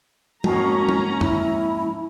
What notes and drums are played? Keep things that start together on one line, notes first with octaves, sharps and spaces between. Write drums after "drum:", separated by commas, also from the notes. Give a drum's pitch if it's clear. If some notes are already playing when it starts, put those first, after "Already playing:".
F2 G#2 A#3 C#4 F#4 A#5, drum: tom
drum: tom
E4, drum: tom